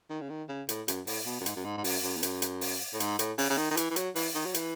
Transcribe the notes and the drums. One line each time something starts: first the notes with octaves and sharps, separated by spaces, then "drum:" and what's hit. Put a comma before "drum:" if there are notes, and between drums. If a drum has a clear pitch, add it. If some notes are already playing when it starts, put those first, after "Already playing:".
D#3
C#3
D#3
C#3
A2, drum: hi-hat
F#2, drum: hi-hat
A2, drum: open hi-hat
B2
F#2
G#2, drum: hi-hat
F#2
G#2
G#2
F#2, drum: open hi-hat
F#2
E2
F#2, drum: hi-hat
drum: hi-hat
drum: open hi-hat
A2
G#2, drum: hi-hat
A2, drum: hi-hat
C#3, drum: open hi-hat
C#3
D#3
D#3
E3, drum: hi-hat
E3
F#3, drum: hi-hat
E3, drum: open hi-hat
D#3
F#3
E3, drum: hi-hat